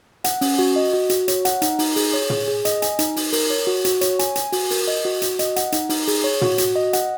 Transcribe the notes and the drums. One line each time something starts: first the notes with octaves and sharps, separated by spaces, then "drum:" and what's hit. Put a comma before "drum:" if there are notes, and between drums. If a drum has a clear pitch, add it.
F#5, drum: hi-hat
C#4, drum: open hi-hat
F#4
D#5
F#4
F#4, drum: hi-hat
C#5, drum: hi-hat
F#5, drum: hi-hat
D#4, drum: hi-hat
D#4, drum: open hi-hat
G#4, drum: open hi-hat
C#5
G#4, drum: tom
G#4
D#5, drum: hi-hat
G#5, drum: hi-hat
D#4, drum: hi-hat
D#4, drum: open hi-hat
A#4, drum: open hi-hat
C#5
F#4
F#4, drum: hi-hat
C#5, drum: hi-hat
G#5, drum: hi-hat
G#5, drum: hi-hat
F#4, drum: open hi-hat
A#4, drum: open hi-hat
D#5
F#4
F#4, drum: hi-hat
D#5, drum: hi-hat
F#5, drum: hi-hat
D#4, drum: hi-hat
D#4, drum: open hi-hat
G#4, drum: open hi-hat
C#5
F#4, drum: tom
F#4, drum: hi-hat
D#5
F#5, drum: hi-hat